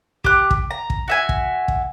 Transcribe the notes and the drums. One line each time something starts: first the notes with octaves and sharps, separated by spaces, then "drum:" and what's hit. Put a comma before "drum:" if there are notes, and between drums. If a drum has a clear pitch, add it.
G4 F#6, drum: kick
drum: kick
A#5
drum: kick
F#4 E5 G#5
drum: kick
drum: kick